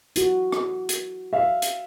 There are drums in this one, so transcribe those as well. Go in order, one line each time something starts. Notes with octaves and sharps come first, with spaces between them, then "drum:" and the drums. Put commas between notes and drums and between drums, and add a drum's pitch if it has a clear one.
E4 F#4, drum: hi-hat
drum: rim click
drum: hi-hat
E5 F5
drum: hi-hat